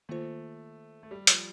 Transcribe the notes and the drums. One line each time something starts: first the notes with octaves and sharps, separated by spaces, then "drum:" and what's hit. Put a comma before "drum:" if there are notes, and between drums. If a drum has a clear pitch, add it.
D#3 A3 A#3 F4 C5
A3
G3
F3, drum: hi-hat